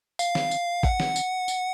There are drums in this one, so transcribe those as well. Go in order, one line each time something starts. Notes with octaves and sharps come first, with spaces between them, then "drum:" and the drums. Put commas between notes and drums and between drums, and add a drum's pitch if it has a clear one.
F5, drum: tambourine
drum: snare
drum: tambourine
F#5, drum: kick
drum: snare
drum: tambourine
drum: tambourine